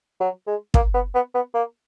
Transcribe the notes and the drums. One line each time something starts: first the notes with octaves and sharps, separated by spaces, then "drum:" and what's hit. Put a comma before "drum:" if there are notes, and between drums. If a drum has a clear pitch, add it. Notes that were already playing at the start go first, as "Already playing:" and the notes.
F#3
G#3
A#3, drum: kick
B3
B3
B3
A#3